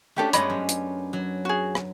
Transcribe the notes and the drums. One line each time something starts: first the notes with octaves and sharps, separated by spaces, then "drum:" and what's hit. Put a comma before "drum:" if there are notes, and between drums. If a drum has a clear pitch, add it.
A3 C#4 D4 F#4 G4 A4
G2 G#3 B3 C#5 D#5 B5, drum: hi-hat
F#2
drum: hi-hat
F#3
F#4 G#4
drum: rim click